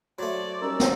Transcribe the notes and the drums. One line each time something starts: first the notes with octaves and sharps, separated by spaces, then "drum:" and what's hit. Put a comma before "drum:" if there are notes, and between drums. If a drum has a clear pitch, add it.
F#3 A3 C5 D5
G3 C#4 D#4 A#4 E6
drum: snare